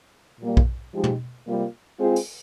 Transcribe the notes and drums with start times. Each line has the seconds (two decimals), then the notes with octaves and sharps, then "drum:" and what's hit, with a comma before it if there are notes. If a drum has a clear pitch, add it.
0.39 A#2 G3 A#3
0.57 drum: kick
0.93 F3 G#3 D#4 G4
1.04 drum: tom
1.46 C3 G3 A#3 F4
1.99 G#3 C4 F4 G#4
2.16 drum: open hi-hat